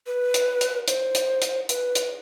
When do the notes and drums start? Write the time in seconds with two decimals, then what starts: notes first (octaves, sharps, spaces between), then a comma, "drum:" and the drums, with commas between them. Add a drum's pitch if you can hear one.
0.07 B4
0.34 drum: hi-hat
0.61 drum: hi-hat
0.88 C5, drum: hi-hat
1.15 drum: hi-hat
1.42 drum: hi-hat
1.69 B4, drum: hi-hat
1.95 drum: hi-hat